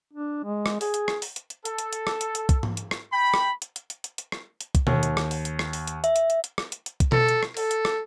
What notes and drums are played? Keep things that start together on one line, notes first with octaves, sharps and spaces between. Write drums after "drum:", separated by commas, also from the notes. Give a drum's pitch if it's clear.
D4
G#3
drum: rim click
G#4, drum: open hi-hat
drum: hi-hat
drum: rim click
drum: open hi-hat
drum: hi-hat
drum: hi-hat
A4, drum: hi-hat
drum: hi-hat
drum: hi-hat
drum: rim click
drum: hi-hat
drum: hi-hat
drum: kick B1, hi-hat
drum: tom G#2
drum: hi-hat
drum: rim click
G5 B5
drum: rim click
drum: hi-hat
drum: hi-hat
drum: hi-hat
drum: hi-hat
drum: hi-hat
drum: rim click
drum: hi-hat
drum: kick B1, hi-hat
D#2, drum: tom B2
drum: hi-hat
drum: rim click
drum: open hi-hat
drum: hi-hat
drum: rim click
drum: open hi-hat
drum: hi-hat
E5, drum: hi-hat
drum: hi-hat
drum: hi-hat
drum: hi-hat
drum: rim click
drum: hi-hat
drum: hi-hat
drum: kick B1, hi-hat
A4, drum: tom B2
drum: hi-hat
drum: rim click
A4, drum: open hi-hat
drum: hi-hat
drum: rim click